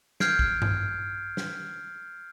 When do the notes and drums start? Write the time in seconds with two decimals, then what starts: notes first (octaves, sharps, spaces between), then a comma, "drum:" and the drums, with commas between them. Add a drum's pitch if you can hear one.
0.20 F6 G6 G#6 C7 D7, drum: snare
0.39 drum: kick
0.62 drum: tom G2
1.37 drum: snare